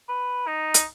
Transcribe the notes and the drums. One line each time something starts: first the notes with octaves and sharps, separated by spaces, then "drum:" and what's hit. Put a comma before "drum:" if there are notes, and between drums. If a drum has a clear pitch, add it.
B4
D#4
drum: hi-hat